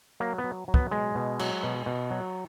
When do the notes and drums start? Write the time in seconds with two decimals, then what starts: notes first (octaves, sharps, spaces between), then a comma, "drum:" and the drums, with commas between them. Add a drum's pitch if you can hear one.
0.20 F#3 A#3
0.38 B3
0.44 F#3
0.68 F#3
0.74 B3, drum: kick
0.91 B2 G#3
1.15 B2
1.39 F#3, drum: cymbal
1.63 B2
1.86 B2
2.11 F#3